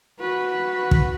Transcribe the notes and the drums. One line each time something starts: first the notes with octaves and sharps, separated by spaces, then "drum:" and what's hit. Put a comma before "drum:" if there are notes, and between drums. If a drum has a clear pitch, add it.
F#4 B4
drum: kick